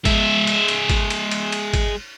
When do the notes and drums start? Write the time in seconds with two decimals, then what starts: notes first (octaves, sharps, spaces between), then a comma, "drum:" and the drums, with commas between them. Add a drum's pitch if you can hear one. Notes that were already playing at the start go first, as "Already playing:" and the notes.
0.05 G#3 E5, drum: kick, cymbal
0.47 drum: cymbal
0.68 drum: cymbal
0.89 drum: kick, cymbal
1.10 drum: cymbal
1.31 drum: cymbal
1.52 drum: cymbal
1.73 drum: kick, cymbal